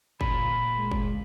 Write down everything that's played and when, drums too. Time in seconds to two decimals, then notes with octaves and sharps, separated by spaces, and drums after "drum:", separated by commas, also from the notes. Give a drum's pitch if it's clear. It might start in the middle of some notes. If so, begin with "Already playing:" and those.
0.21 A#2 B5, drum: kick F#1
0.78 G#3
0.91 drum: kick F#1